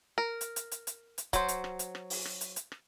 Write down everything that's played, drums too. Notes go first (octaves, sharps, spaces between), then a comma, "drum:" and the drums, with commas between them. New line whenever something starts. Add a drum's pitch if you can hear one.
A#4
drum: hi-hat
drum: hi-hat
drum: hi-hat
drum: hi-hat
drum: hi-hat
F#3 C5, drum: kick C#1, hi-hat
drum: hi-hat
drum: rim click
drum: hi-hat
drum: rim click
drum: open hi-hat
drum: rim click
drum: hi-hat
drum: hi-hat
drum: rim click